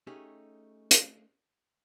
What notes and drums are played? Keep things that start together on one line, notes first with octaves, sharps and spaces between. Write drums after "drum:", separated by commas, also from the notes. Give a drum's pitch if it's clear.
A3 C#4 D#4 G4 G#4
drum: hi-hat